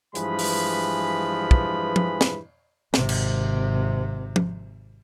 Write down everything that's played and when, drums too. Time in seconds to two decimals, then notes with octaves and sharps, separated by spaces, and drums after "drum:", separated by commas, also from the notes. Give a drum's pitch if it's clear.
0.15 G2 E3 F3 G#3 B4 B5, drum: hi-hat
0.39 drum: open hi-hat
1.51 drum: kick
1.96 drum: tom
2.21 drum: snare
2.94 G#1 C3, drum: snare
3.09 drum: cymbal
4.36 drum: tom